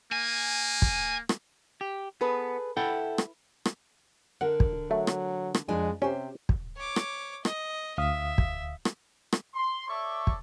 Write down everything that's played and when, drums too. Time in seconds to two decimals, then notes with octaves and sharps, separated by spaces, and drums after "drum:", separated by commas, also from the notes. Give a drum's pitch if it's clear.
0.12 A#3 G#5
0.82 drum: kick
1.29 drum: rim click
1.81 G4
2.21 B3 G#4 A4 B4
2.77 E4 A4 F#5 G5
3.18 drum: rim click
3.65 drum: rim click
4.41 D3 A#4 F#5
4.60 drum: kick
4.91 F#3 A3
5.07 drum: rim click
5.55 drum: rim click
5.68 F2 G#3 D4 G#5
6.02 C3 C#4 G4 C5
6.49 drum: kick
6.77 C#5 D6
6.96 drum: rim click
7.45 D#5, drum: rim click
7.98 D2 E5 F5 D#6
8.38 drum: kick
8.85 drum: rim click
9.33 drum: rim click
9.54 C6
9.88 A4 C#5 D5 E5 C#6 D6
10.27 drum: kick